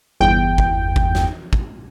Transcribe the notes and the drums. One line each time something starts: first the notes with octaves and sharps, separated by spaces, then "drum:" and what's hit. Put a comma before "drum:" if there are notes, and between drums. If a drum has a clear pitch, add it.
G1 E2 G5
drum: kick
drum: kick
drum: snare
drum: kick